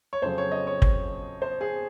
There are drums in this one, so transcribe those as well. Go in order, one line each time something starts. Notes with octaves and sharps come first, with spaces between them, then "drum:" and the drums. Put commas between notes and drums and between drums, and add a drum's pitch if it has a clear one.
C#5
F2 C#3 F#3 C5
C#5
D#5
C#5
drum: kick
C5
G#4